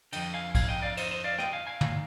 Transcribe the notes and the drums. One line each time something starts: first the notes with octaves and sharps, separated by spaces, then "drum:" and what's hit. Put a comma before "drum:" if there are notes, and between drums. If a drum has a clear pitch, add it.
F2 D3 D#5 G5, drum: cymbal
F5 G#5
F5 G#5, drum: kick B1, cymbal
D#5 G5
D5 F5
C5 D#5, drum: cymbal
C5 D#5
D5 F5
D#5 G5, drum: rim click
F5 G#5
F5 G#5
G2 D#3, drum: tom